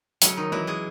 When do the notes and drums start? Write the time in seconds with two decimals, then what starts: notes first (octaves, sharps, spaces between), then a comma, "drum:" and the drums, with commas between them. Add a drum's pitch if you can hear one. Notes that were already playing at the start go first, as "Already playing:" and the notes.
0.22 C#3 F#3 C#4, drum: hi-hat
0.37 D#3 D#4
0.52 E3 F#3 E4
0.67 G#3 G#4